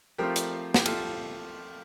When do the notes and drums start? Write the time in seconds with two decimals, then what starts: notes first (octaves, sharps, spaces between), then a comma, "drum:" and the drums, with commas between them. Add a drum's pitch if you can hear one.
0.18 F3 A3 C4 F4 G4 A#4
0.36 drum: hi-hat
0.74 G4, drum: snare
0.86 F4 A4, drum: cymbal